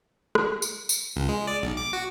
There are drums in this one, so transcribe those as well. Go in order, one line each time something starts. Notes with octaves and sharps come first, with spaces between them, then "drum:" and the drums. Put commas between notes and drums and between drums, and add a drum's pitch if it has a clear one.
drum: rim click
drum: tambourine
drum: tambourine
C#2
G#3
D5
B1
D6
F#4